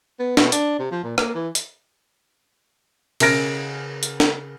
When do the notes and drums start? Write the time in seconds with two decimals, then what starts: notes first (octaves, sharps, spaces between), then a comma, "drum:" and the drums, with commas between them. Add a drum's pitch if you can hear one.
0.19 B3
0.37 B2, drum: snare
0.52 D4, drum: hi-hat
0.79 C3
0.91 F3
1.04 A#2
1.18 A#3, drum: rim click
1.35 E3
1.55 drum: hi-hat
3.20 C#3 A#4 F6 A#6 D7, drum: cymbal
4.03 drum: hi-hat
4.20 drum: snare